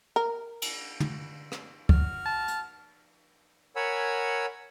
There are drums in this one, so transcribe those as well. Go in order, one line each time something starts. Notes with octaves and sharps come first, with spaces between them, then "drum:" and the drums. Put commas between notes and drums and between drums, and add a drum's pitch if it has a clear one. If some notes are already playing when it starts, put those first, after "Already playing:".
A#4
drum: cymbal
drum: tom
drum: rim click
F#4 F6, drum: kick
A5
drum: hi-hat
A#4 C#5 F#5 G#5 B5 E6